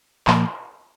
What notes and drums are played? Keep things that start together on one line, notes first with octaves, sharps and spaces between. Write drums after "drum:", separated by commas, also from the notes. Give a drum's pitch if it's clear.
A#2 F3 A#3, drum: clap